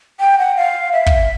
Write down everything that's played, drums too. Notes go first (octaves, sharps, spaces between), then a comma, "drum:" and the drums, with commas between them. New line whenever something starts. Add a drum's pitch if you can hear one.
G5
F#5
F5
E5
drum: kick